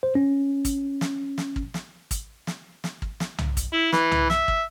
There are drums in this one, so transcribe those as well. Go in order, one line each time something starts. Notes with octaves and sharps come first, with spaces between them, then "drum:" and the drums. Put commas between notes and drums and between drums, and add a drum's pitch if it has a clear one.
C5
C#4
drum: kick, hi-hat
drum: snare
drum: snare
drum: kick
drum: snare
drum: kick, hi-hat
drum: snare
drum: snare
drum: kick
drum: snare
drum: tom C2
drum: kick, hi-hat
E4
E3, drum: snare
drum: tom C2
E5, drum: snare
drum: kick